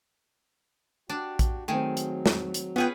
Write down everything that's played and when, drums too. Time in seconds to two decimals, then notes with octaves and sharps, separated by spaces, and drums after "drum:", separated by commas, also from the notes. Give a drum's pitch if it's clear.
1.09 D4 F#4 G4 D5
1.39 drum: kick A#1, hi-hat
1.68 D#3 F#3 A3 C4 G#4
1.97 drum: hi-hat
2.26 drum: snare
2.54 drum: hi-hat
2.76 B3 C#4 F4 G#4 B4 G5